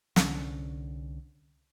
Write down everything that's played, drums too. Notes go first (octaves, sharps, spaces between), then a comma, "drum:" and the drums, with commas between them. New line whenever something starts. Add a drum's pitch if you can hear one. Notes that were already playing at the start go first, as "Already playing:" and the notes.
C2 D3 C#4, drum: snare